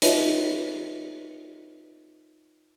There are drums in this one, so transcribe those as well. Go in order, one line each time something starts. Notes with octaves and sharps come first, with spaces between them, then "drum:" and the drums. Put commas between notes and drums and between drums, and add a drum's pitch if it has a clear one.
D#4 F4 B4 C#5 D#5 E5, drum: hi-hat